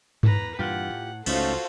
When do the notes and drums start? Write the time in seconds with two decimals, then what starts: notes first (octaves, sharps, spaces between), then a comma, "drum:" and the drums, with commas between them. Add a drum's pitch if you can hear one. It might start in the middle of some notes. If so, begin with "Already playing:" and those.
0.23 E2 B4 A#5, drum: tom G2
0.59 G2 A#2 E3 F4 G4 F#5
0.90 A2
1.26 C#2 A3 C#4 D#4 F4 F#4 A4 C5, drum: cymbal